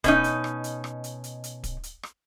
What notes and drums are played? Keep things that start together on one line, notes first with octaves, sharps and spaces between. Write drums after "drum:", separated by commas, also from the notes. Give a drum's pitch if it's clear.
B2 C#4 D#4, drum: kick D1, hi-hat
drum: hi-hat
drum: rim click
drum: hi-hat
drum: rim click
drum: hi-hat
drum: hi-hat
drum: hi-hat
drum: kick D1, hi-hat
drum: hi-hat
drum: rim click